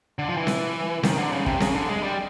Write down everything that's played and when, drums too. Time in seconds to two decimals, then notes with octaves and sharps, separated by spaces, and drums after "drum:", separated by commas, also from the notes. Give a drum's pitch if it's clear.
0.19 D3
0.28 F3
0.37 E3
0.47 drum: snare C4
1.03 D#3, drum: snare C4
1.18 D3
1.32 C#3
1.46 C3, drum: kick
1.60 C#3, drum: snare C4
1.75 D3
1.89 G#3
2.03 G3